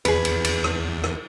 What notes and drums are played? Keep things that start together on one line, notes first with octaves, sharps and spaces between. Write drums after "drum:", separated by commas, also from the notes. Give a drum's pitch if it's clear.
E2 G#4 B4, drum: cymbal
drum: cymbal
drum: cymbal
drum: rim click
drum: rim click